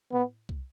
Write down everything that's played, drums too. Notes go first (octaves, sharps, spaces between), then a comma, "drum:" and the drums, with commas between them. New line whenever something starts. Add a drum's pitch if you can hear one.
B3, drum: tom A2
drum: kick C2